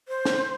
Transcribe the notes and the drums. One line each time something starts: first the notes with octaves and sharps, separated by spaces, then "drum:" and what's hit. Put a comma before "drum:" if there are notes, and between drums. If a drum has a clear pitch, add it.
C5
drum: snare